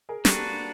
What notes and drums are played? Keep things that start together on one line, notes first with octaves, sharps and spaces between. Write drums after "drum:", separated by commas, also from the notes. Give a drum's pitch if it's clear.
G#4 A#4
A#3 D4 F#4 G4 A4 B4, drum: snare